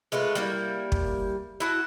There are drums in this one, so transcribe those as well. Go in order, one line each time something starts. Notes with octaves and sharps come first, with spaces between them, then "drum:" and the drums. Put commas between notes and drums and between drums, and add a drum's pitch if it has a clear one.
G#3 A3 F4 B4
G3 A#3 E4
drum: kick
E4 F#4 A5